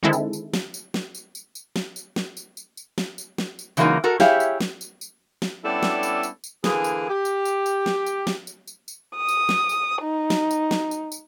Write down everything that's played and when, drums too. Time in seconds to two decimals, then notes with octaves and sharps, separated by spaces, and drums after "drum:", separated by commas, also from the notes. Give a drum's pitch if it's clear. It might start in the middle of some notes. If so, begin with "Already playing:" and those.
0.03 D3 D#3 G#3 C4 E4 A4
0.13 drum: tambourine
0.33 drum: tambourine
0.54 drum: snare
0.74 drum: tambourine
0.94 drum: snare
1.15 drum: tambourine
1.35 drum: tambourine
1.55 drum: tambourine
1.76 drum: snare
1.96 drum: tambourine
2.16 drum: snare
2.37 drum: tambourine
2.57 drum: tambourine
2.77 drum: tambourine
2.98 drum: snare
3.18 drum: tambourine
3.38 drum: snare
3.59 drum: tambourine
3.77 C#3 E3 F#3 G#3 A#3 D#4, drum: tambourine
4.04 F#4 A4 A#4
4.20 E4 G4 G#4 C#5 E5 F5, drum: snare
4.40 drum: tambourine
4.61 drum: snare
4.81 drum: tambourine
5.01 drum: tambourine
5.42 drum: snare
5.64 G3 B3 C#4 D4 E4 A4
5.83 drum: snare
6.03 drum: tambourine
6.23 drum: tambourine
6.44 drum: tambourine
6.64 D3 E3 A#3 G#4, drum: snare
6.84 drum: tambourine
7.09 G4
7.25 drum: tambourine
7.45 drum: tambourine
7.66 drum: tambourine
7.86 drum: snare
8.06 drum: tambourine
8.27 drum: snare
8.47 drum: tambourine
8.67 drum: tambourine
8.88 drum: tambourine
9.16 D#6
9.29 drum: tambourine
9.49 drum: snare
9.69 drum: tambourine
10.03 D#4
10.30 drum: snare
10.51 drum: tambourine
10.71 drum: snare
10.91 drum: tambourine
11.12 drum: tambourine